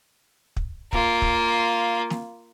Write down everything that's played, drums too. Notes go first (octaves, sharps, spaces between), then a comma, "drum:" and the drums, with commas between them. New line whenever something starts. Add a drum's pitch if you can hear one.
drum: kick
A#3 F4, drum: kick
drum: kick
drum: snare